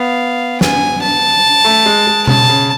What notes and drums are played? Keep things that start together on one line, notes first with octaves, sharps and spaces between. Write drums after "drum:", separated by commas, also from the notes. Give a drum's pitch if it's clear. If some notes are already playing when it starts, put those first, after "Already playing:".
Already playing: B3 F5
G#5, drum: snare
A5
A3
G#3
G#3
C#3 A5, drum: tom B2
C#3